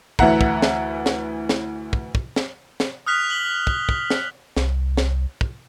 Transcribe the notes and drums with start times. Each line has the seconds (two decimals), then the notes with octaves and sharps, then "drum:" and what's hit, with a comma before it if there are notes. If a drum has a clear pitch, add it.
0.19 D2 E3 E5 F#5 A#5, drum: kick
0.41 drum: kick
0.62 drum: snare
1.06 drum: snare
1.49 drum: snare
1.93 drum: kick
2.15 drum: kick
2.36 drum: snare
2.80 drum: snare
3.07 D#6 F6 F#6 B6 F7
3.30 B6 F#7 G7
3.67 drum: kick
3.89 drum: kick
4.10 drum: snare
4.57 C2, drum: snare
4.97 drum: snare
5.41 drum: kick